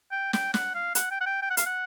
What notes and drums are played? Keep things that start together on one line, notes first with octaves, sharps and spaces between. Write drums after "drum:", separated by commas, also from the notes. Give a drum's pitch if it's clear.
G5
G5, drum: snare
F#5, drum: snare
F5
F#5, drum: hi-hat
G5
F#5
G5
G5
F#5
F5, drum: hi-hat
F#5